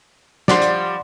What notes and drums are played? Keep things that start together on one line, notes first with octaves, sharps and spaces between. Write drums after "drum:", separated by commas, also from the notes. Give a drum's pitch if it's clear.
F3 G3 D5 F#5 C6, drum: snare
drum: hi-hat